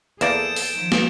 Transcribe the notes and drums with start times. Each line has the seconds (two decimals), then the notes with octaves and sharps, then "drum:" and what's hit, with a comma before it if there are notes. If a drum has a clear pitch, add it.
0.21 E2 A#3 G#4 A4 D5 G6 D7 E7, drum: hi-hat
0.56 drum: open hi-hat
0.74 D#3 F3
0.92 drum: snare